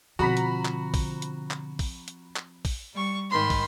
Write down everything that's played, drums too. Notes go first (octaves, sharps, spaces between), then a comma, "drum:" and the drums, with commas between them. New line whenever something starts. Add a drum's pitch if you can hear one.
B2 D3 F3 C4 F#4 A#5 B5 B6
drum: hi-hat
drum: clap
drum: kick, open hi-hat
drum: hi-hat
drum: clap
drum: kick, open hi-hat
drum: hi-hat
drum: clap
drum: kick, open hi-hat
G3 C#6
G#2 D#3 B5 C6
drum: kick, open hi-hat